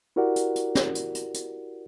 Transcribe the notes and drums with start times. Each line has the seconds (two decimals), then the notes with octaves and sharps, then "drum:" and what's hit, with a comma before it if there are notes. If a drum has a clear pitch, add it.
0.16 E4 F#4 G4 A#4 D5 F#5
0.36 drum: hi-hat
0.56 drum: hi-hat
0.75 drum: snare
0.95 drum: hi-hat
1.15 drum: hi-hat
1.34 drum: hi-hat